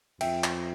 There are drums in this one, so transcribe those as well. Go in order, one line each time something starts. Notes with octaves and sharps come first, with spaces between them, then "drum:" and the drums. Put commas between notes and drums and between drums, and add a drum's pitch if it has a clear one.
F2 E5 G5, drum: cymbal
drum: clap